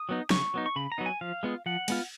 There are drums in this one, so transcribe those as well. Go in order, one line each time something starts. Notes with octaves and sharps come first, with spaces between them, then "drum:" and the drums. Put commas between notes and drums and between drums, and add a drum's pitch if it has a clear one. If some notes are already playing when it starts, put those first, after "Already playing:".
Already playing: D#6
F#3 B3 D#4
C#3 C#6, drum: snare
F#3 B3 D#4
C#6
C#3 B5
A#5
F#3 B3 D#4
G#5
F3 F5
G#3 B3 F4
F3 F#5
G#3 B3 F4, drum: cymbal